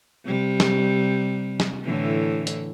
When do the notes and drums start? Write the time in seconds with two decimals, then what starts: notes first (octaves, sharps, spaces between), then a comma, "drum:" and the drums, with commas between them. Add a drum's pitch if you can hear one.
0.25 C3 G3
0.60 drum: snare
1.60 drum: snare
1.84 A2 D3 E3
2.47 drum: hi-hat